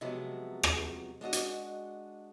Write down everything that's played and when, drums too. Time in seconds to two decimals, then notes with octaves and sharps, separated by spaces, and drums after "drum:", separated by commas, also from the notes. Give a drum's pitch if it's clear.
0.01 C3 F3 F#3 G#3 B3
0.63 drum: rim click
1.21 G#3 D4 F#4 D#5
1.33 drum: hi-hat